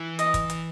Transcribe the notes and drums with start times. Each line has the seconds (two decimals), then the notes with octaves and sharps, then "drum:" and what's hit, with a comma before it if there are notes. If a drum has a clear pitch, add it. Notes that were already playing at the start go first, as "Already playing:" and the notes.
Already playing: E3
0.19 D#5, drum: hi-hat
0.34 drum: kick, hi-hat
0.50 drum: hi-hat